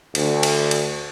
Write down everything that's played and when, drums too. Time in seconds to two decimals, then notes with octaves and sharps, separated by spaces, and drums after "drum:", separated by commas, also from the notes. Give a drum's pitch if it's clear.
0.15 D2, drum: cymbal
0.43 drum: cymbal
0.71 drum: cymbal